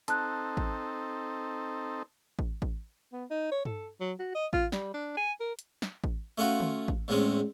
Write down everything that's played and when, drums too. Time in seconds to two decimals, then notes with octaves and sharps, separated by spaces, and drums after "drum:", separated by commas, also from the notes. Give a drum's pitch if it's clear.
0.08 C4 D#4 A4 A5 F#6, drum: hi-hat
0.57 drum: kick A1
2.39 drum: kick A1
2.62 drum: kick A1
3.13 B3
3.30 D#4
3.52 C#5
3.65 A4, drum: tom G2
4.00 F#3
4.19 F#4
4.35 D#5
4.53 F4, drum: kick A1
4.72 G3, drum: snare
4.94 D4
5.17 G#5
5.40 A#4
5.59 drum: hi-hat
5.82 drum: snare
6.04 drum: kick A1
6.38 A3 C#4 F4 F#4
6.60 drum: tom D3
6.88 drum: kick A1
7.08 E2 A2 G#3 C4 C#4